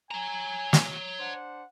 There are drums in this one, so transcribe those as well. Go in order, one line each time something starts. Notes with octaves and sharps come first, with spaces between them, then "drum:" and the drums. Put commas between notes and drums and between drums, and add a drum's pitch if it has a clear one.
C#5 G#5 A#5
drum: snare
D4 C5 F#5